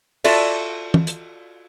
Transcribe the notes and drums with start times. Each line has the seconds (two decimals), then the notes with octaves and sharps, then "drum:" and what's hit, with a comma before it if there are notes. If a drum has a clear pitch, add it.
0.24 F4 F#4 A4 D5 E5, drum: cymbal
0.94 drum: tom
1.07 drum: hi-hat